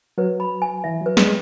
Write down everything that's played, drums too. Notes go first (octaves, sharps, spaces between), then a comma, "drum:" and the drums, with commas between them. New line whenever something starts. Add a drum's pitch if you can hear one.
F#3 B4
B5
G#5
E3 E5
F#3 B4
G#3, drum: snare